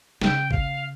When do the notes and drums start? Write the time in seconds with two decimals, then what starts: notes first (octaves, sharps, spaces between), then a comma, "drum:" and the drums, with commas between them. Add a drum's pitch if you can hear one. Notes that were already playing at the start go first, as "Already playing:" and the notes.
0.22 C#3 G5, drum: snare
0.51 F5, drum: kick G#1